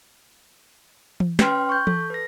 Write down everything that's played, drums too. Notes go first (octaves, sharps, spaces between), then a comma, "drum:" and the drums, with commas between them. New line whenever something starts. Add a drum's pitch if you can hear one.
drum: tom E3
C#4 B4 G5 C6 F6, drum: snare
C#6 G6
A4, drum: tom E3
B4 A#6